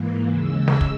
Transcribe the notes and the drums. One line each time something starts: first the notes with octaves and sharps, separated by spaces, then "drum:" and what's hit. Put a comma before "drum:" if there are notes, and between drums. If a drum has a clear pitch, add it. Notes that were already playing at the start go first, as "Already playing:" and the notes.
Already playing: G#2 E3 A#3
D#2 C#3 G#3 E6
drum: snare
drum: kick